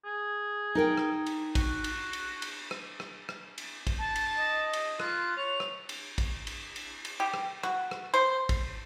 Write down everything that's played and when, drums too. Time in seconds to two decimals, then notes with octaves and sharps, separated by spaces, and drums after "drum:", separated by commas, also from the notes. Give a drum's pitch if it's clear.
0.05 G#4
0.75 D#4 A#4 G5
0.98 drum: rim click
1.26 drum: cymbal
1.55 F#4, drum: kick, cymbal
1.84 drum: cymbal
2.13 drum: cymbal
2.42 drum: cymbal
2.71 drum: rim click
3.00 drum: rim click
3.29 drum: rim click
3.58 drum: cymbal
3.87 drum: kick, cymbal
3.99 A5
4.16 drum: cymbal
4.38 D#5
4.73 drum: cymbal
5.00 F4 F#6, drum: rim click
5.37 C#5 F7
5.60 drum: rim click
5.89 drum: cymbal
6.18 drum: kick, cymbal
6.47 drum: cymbal
6.76 drum: cymbal
7.05 drum: cymbal
7.20 G4
7.34 drum: rim click
7.63 F#4, drum: rim click
7.91 drum: rim click
8.14 C5
8.49 drum: kick, cymbal